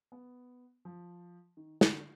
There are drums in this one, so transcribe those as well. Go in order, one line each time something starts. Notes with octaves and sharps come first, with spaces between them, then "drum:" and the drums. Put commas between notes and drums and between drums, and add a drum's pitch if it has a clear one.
B3
F3
D#3
D3, drum: snare